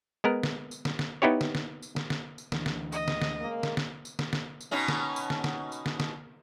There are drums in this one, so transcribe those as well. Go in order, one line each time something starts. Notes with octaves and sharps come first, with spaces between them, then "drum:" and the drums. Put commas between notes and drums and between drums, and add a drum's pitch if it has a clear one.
G#3 B3 A#4
drum: snare
drum: tambourine
drum: snare
drum: snare
B3 D#4 E4 G4 C#5
drum: snare
drum: snare
drum: tambourine
drum: snare
drum: snare
drum: tambourine
D2 E3 D4, drum: snare
drum: snare
D#5, drum: tambourine
drum: snare
drum: snare
C#3 G#3 A#3
drum: snare
drum: snare
drum: tambourine
drum: snare
drum: snare
drum: tambourine
B2 C#4 D#4
drum: snare
drum: tambourine
drum: snare
drum: snare
drum: tambourine
drum: snare
drum: snare